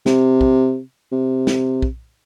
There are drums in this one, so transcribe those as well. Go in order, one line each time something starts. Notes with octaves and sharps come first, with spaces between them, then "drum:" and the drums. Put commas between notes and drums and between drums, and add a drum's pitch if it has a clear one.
C3, drum: snare
drum: kick
C3
drum: snare
drum: kick